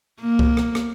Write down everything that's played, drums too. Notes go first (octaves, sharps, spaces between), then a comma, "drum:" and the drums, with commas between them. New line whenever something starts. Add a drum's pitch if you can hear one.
A#3
drum: kick C2
drum: rim click
drum: rim click